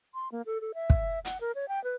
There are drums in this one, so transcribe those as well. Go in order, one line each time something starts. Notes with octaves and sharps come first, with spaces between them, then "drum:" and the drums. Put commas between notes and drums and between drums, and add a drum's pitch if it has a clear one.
C6
A#3
A4
A4
E5
drum: kick
F#5, drum: hi-hat
A#4
C#5
G5
B4